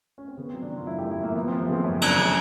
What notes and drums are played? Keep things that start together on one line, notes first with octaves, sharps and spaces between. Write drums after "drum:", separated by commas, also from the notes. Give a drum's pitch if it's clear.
C#4
C4
C#3 B3
C4
F#3
D4
F#3
F4
F#2 E4
G4
F#2
E4
F#2 A#3
F3 B3
C4
F3
B3
C#3 C4
F#2 C#4
F#2 D4, drum: cymbal
C#3